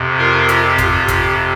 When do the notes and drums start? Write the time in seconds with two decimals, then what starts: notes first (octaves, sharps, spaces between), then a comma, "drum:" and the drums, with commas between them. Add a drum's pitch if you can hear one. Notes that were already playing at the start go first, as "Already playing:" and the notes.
Already playing: F2 C3
0.18 F4 A#4
0.49 G4, drum: hi-hat
0.78 F2 C3 F4, drum: kick, hi-hat
1.08 G4, drum: kick, hi-hat